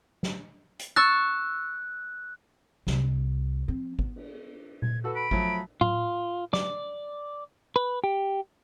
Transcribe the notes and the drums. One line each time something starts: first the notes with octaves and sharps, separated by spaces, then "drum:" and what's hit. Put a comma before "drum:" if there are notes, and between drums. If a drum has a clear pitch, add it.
drum: snare
drum: hi-hat
C#6 E6 F#6 A6
C2, drum: snare
F3 C4
B3, drum: kick G#1
drum: cymbal
G#6, drum: tom A#2
F#4 A4 B4 E6
B5 D7
F3 F#3 A3, drum: kick G#1
F4, drum: tom A2
D5, drum: snare
B4
G4